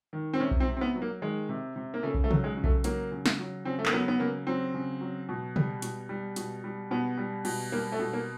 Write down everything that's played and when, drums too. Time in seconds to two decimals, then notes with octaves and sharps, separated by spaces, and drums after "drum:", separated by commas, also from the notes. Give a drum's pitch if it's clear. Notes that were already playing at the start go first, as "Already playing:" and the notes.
0.13 D#3
0.34 C4
0.40 C3 C#4
0.51 drum: kick B1
0.60 C4
0.68 C3
0.77 C4
0.81 B3
0.95 F#3
1.02 A#3
1.22 D#3 G#3
1.49 C3
1.76 C3
1.94 A#3
2.03 C#3 A3
2.14 drum: kick B1
2.24 A3
2.31 F#3, drum: tom
2.44 G#3
2.57 C#3
2.64 A3, drum: kick B1
2.84 F#3 A#3, drum: hi-hat
3.12 C#3
3.26 drum: snare
3.39 F#3
3.65 C#3 C4
3.79 A3
3.86 A#3, drum: clap
3.93 F#3 B3
4.08 B3
4.20 C#3 A#3
4.47 F#3 C4
4.74 C#3
5.01 F#3
5.29 B2
5.56 G3, drum: tom
5.82 B2, drum: hi-hat
6.09 G3
6.36 B2, drum: hi-hat
6.64 G3
6.91 B2 B3
7.17 G3
7.45 B2, drum: cymbal
7.72 G3 A#3
7.92 A3
8.00 B2
8.13 A#3